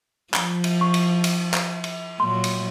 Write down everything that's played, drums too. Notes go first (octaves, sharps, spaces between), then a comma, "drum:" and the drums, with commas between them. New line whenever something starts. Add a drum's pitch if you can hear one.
F3 G7, drum: clap
drum: cymbal
C#6
drum: cymbal
drum: cymbal
drum: clap
drum: cymbal
A#2 F#3 C6
drum: cymbal